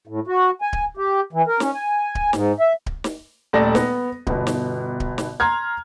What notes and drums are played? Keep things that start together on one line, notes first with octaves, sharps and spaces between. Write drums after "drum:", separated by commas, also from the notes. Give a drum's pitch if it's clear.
A2
F#4
G#5
drum: kick D1
G4
E3
A#4
C#4, drum: snare
G#5
drum: kick D1
G#2, drum: snare
E5
drum: kick D1
drum: snare
D#1 A3 D5 A5 A#6
B3, drum: snare
G1 B2, drum: kick D1
drum: snare
drum: kick D1
drum: snare
A#5 C6 F6 G#6